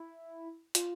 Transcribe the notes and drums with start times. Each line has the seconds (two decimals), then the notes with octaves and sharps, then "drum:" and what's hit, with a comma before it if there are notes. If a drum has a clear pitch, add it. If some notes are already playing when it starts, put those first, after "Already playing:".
Already playing: E4
0.75 F4, drum: hi-hat